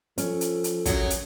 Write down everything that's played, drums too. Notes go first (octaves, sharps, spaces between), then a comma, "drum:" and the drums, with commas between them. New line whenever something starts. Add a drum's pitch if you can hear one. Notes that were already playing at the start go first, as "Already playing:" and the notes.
F3 C#4 A4, drum: hi-hat
drum: hi-hat
drum: hi-hat
F#2 A2 F#3, drum: kick, hi-hat
drum: hi-hat